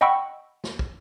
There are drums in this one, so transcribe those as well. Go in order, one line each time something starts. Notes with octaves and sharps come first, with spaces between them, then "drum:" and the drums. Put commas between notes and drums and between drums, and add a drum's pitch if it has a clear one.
D#5 F#5 G5 B5 C#6 E6
drum: snare
drum: kick